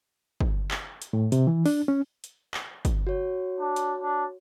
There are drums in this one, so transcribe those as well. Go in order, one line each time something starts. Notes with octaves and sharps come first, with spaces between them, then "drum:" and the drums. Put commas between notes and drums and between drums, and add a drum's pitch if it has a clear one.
drum: kick
drum: clap
drum: hi-hat
A2
C3, drum: hi-hat
E3
D4, drum: open hi-hat
C#4
drum: hi-hat
drum: clap
drum: kick, hi-hat
F#4 C#5
D4
drum: hi-hat
D4